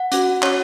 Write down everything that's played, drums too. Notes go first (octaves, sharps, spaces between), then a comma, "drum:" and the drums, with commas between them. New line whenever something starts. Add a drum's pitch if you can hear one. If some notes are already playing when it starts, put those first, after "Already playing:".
Already playing: F#5
C#4 F#4, drum: hi-hat
C#4 F#4 C#5, drum: clap